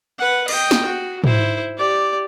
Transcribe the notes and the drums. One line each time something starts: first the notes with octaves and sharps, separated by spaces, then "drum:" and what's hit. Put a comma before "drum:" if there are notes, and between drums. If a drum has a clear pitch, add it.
B4 F#5
D#5 G5, drum: cymbal
drum: snare
F#4
E4 C5, drum: tom
G4 D5